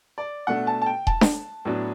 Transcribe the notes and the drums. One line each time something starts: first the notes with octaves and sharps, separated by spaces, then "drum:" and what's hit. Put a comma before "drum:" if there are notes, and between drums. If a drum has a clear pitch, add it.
D5
B2 A3 D4 F#5
A5
A5
G5
A5, drum: kick D#1
drum: snare D4
A2 F#3 B3 D4